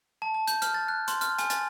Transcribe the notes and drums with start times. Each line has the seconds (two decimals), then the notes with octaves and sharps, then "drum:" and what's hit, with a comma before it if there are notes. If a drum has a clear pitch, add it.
0.22 A5
0.34 A5
0.48 G6, drum: hi-hat
0.62 F6, drum: hi-hat
0.74 A6
0.88 F#6
1.08 C6, drum: hi-hat
1.21 F6, drum: hi-hat
1.39 G#5, drum: hi-hat
1.50 A6, drum: hi-hat